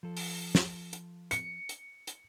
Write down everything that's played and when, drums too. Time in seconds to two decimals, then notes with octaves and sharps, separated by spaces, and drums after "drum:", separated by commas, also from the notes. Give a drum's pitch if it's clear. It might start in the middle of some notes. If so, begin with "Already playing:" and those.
0.03 F3 A4
0.17 drum: open hi-hat
0.55 drum: snare
0.93 drum: hi-hat
1.31 C#7, drum: hi-hat
1.69 drum: hi-hat
2.07 drum: hi-hat